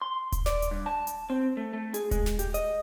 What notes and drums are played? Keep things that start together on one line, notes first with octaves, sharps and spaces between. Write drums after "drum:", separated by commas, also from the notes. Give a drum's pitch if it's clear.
C6
drum: kick D#1, hi-hat
D5, drum: snare
drum: hi-hat
G2
A5
drum: hi-hat
C4
A3
A3
G#4, drum: hi-hat
G#3, drum: kick D#1, hi-hat
drum: snare
G4, drum: hi-hat
D#5, drum: hi-hat